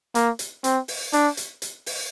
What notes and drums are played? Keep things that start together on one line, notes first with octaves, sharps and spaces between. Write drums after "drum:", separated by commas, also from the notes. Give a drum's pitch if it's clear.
A#3, drum: hi-hat
drum: hi-hat
C4, drum: hi-hat
drum: open hi-hat
D4, drum: hi-hat
drum: hi-hat
drum: hi-hat
drum: open hi-hat